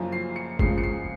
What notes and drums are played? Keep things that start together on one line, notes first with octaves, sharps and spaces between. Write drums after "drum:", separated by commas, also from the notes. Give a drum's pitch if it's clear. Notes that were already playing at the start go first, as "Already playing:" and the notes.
Already playing: F#1 F#2 F3
C7
C#7
C#2 C#3 F3 G#3 C7, drum: kick G1
C#7
C7